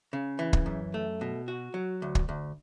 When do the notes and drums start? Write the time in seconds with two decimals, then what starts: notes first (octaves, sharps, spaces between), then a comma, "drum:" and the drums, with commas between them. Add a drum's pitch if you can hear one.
0.13 C#3
0.39 E3
0.53 drum: kick
0.66 F#2
0.94 A3
1.21 B2
1.48 F#4
1.74 F#3
2.02 D2
2.15 drum: kick
2.29 D2